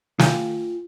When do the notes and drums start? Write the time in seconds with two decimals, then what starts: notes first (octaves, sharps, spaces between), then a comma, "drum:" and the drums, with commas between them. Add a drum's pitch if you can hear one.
0.19 F4 F5 G5 G#5, drum: snare